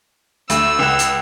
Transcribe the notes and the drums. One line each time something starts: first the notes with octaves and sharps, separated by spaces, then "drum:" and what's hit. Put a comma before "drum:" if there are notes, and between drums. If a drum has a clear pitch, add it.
D2 E6, drum: hi-hat
C#2 F#5
drum: hi-hat